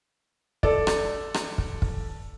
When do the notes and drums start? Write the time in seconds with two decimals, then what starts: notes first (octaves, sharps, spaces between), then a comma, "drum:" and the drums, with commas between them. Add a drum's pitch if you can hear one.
0.63 A4 D5, drum: kick
0.87 drum: rim click
1.34 drum: rim click
1.58 drum: kick
1.82 drum: kick